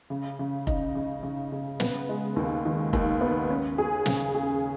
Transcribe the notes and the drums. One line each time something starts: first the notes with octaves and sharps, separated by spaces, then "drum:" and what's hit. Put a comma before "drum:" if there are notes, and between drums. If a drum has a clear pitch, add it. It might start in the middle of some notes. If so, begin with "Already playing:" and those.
C#3
C#3
D#4, drum: kick F1
C#3
C#3
C#3
B3, drum: snare
G#3
D#2
D#3
D#2, drum: kick F1
B3
C#4
G#4
C#3, drum: snare
G#4